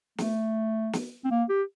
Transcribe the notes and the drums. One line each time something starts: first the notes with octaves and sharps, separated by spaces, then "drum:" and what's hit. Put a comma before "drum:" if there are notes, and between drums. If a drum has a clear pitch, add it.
A3, drum: snare
drum: snare
C4
A#3
G4